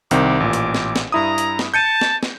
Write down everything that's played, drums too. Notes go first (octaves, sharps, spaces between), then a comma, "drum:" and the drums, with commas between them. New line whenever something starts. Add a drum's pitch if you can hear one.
C2 D#3 C4 D6, drum: hi-hat
A1 A#2
drum: hi-hat
drum: snare
drum: snare
G2 E4 A#5 D#6
drum: hi-hat
drum: snare
A5 G6 C#7 D#7
drum: snare
drum: snare